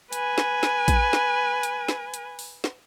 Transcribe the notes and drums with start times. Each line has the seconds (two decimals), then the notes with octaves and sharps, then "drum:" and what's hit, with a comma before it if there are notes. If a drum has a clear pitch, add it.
0.13 B4 G#5, drum: hi-hat
0.38 drum: snare
0.63 drum: snare
0.88 drum: kick A1, hi-hat
1.13 drum: snare
1.63 drum: hi-hat
1.88 drum: snare
2.14 drum: hi-hat
2.39 drum: open hi-hat
2.64 drum: snare